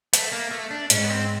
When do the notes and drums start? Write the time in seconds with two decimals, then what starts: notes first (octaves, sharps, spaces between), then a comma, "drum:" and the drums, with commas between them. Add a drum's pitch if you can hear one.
0.13 A3, drum: hi-hat
0.32 A#3
0.51 A3
0.71 D4
0.90 G#2 C#4, drum: hi-hat
1.03 B3
1.10 C4